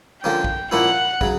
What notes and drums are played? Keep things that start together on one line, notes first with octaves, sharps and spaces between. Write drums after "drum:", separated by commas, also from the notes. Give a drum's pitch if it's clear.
D3 F3 A#3 C#4 G5
drum: kick
A#2 F3 A#3 C#4 E4 F#5
C#3 F#3, drum: kick